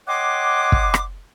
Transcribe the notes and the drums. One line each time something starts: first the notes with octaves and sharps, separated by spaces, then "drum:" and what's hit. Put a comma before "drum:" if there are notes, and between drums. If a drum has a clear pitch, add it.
C#5 D#5 F#5 G5 C6 D6
drum: kick
drum: rim click